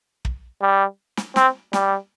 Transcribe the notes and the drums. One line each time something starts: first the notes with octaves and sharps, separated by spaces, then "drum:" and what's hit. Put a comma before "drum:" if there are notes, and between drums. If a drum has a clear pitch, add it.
drum: kick
G3
drum: snare
C4, drum: snare
G3, drum: snare